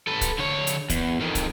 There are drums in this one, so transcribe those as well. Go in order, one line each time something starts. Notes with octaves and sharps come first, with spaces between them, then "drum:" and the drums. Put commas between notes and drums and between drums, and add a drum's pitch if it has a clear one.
A4 B4
drum: kick, hi-hat
D3 C#5
drum: hi-hat
E2, drum: kick, hi-hat
F2 D#3
drum: kick, hi-hat